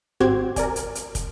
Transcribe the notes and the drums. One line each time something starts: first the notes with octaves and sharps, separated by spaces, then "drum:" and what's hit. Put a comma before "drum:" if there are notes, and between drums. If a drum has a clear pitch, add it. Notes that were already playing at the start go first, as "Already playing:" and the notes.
G#1 C4 F#4 G4 G#6
A#4 D5 G#5, drum: kick, hi-hat
drum: hi-hat
drum: hi-hat
drum: kick, hi-hat